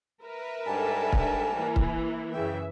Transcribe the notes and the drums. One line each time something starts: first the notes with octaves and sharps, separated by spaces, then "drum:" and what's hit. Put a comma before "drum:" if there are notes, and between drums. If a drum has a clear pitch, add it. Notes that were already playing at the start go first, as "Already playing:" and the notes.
A#4 B4 E5
G#2 G3 D4 A4 G#5 A5
drum: kick C#1
E3 A#3
drum: kick C#1
E4
F#2 C#3 E3 E5 G5